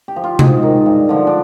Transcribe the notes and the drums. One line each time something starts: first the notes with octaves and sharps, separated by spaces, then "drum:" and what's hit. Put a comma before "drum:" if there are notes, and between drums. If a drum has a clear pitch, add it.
G4
F3
F4
G#2, drum: tom C3
D#3
G2
D3 F3
D4